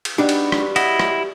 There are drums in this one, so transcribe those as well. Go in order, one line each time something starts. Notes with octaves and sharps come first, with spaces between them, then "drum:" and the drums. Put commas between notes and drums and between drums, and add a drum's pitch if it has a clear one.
drum: cymbal
G3 B3 D4 D#4 F#4 G4
drum: cymbal
drum: rim click
E4 D#5 F#5, drum: cymbal
drum: rim click